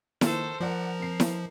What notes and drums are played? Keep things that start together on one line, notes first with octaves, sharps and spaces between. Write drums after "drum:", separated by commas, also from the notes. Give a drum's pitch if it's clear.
D#3 F3 A#3 A4 C5, drum: snare E4
F3 F4 A#4 D5 F#5
C4 C7
drum: snare E4